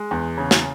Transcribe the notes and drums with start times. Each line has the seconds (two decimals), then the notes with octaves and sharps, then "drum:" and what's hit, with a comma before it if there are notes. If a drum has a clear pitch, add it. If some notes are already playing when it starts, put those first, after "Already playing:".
Already playing: G#3
0.11 E2
0.38 C#3
0.51 drum: snare